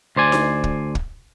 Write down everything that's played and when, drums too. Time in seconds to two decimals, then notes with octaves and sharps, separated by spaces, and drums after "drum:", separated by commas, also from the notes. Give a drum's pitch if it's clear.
0.16 D2 C5 D5 G#5
0.32 drum: snare D#4
0.64 drum: kick
0.95 drum: kick